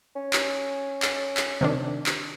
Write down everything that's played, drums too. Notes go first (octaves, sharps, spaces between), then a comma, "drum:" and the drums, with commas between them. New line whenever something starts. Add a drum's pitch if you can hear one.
C#4
drum: clap
drum: clap
drum: clap
C3 D#3 D4
drum: clap